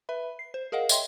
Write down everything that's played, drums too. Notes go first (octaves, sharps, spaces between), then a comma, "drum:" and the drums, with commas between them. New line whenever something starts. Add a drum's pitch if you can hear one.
B4 E5 B5
C7
C5
G#4 A#4 D#5 F5 F#5
C#5 D#5 E5 G5 C6, drum: tambourine